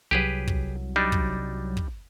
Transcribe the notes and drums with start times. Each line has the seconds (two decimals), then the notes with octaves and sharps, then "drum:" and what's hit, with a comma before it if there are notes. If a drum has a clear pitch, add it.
0.11 C2 F#3 G4 G#4 B4
0.48 drum: kick
0.96 G3 D4 D#4
1.12 drum: kick
1.77 drum: kick